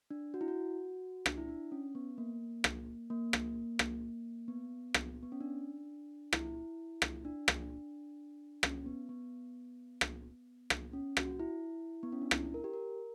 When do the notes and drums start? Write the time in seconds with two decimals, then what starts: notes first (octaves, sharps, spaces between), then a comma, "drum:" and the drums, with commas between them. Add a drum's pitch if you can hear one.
0.11 D4
0.34 F#4
0.41 E4
0.48 F#4
1.26 D4, drum: rim click
1.37 E4
1.49 D4
1.72 C#4
1.95 B3
2.18 A#3
2.64 drum: rim click
3.10 A#3
3.33 drum: rim click
3.79 drum: rim click
4.48 B3
4.94 drum: rim click
5.23 B3
5.32 C#4
5.41 D4
6.33 E4, drum: rim click
7.02 drum: rim click
7.25 D4
7.48 drum: rim click
8.63 C#4, drum: rim click
8.86 B3
9.09 B3
10.01 drum: rim click
10.70 drum: rim click
10.93 C#4
11.17 F#4, drum: rim click
11.40 E4
12.03 B3
12.12 C#4
12.22 D4
12.31 E4, drum: rim click
12.54 A#4
12.64 G4
12.73 A#4